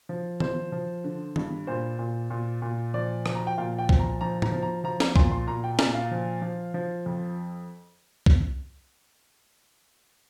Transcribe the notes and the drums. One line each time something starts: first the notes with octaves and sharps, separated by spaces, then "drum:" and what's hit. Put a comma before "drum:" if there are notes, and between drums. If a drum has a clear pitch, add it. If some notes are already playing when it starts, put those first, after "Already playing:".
F3
F3 C5, drum: tom D#3
F3
D3
G2, drum: tom D#3
A#2 C5
A#2
A#2
A#2
F3 D5
F3, drum: rim click
A#5
G5
A#2 F5
G5
F3, drum: kick C2
A#5
F3 A#5
A#5, drum: tom A2
F3
A#5
F3 A#5
A#5, drum: snare
A#2 C6, drum: kick C2
C6
A#2 A#5
G5
A#2 A#5, drum: snare
F5
F3
F3
F3
F2
drum: kick C2